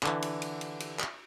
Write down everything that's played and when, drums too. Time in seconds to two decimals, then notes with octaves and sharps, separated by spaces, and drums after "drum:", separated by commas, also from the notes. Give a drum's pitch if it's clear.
0.03 D3 E3, drum: clap
0.22 drum: cymbal
0.42 drum: cymbal
0.61 drum: cymbal
0.80 drum: cymbal
1.00 drum: clap